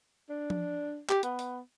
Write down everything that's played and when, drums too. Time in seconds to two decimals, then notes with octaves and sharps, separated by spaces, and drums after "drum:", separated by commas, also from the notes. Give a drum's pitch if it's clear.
0.29 D4
0.50 drum: tom F3
1.09 G4, drum: clap
1.23 B3, drum: hi-hat
1.39 drum: open hi-hat